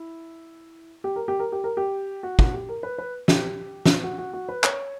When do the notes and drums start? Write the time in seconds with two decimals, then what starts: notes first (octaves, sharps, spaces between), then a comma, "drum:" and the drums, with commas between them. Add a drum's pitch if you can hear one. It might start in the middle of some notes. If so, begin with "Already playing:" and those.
Already playing: E4
1.04 G4
1.16 A#4
1.28 G4
1.39 A#4
1.52 G4
1.64 A#4
1.77 G4
2.23 F#4
2.39 F#4, drum: kick
2.54 G4
2.69 A#4
2.83 B4
2.98 B4
3.28 G4, drum: snare
3.86 drum: snare
4.04 F#4
4.18 F#4
4.33 F#4
4.49 B4
4.64 C#5, drum: clap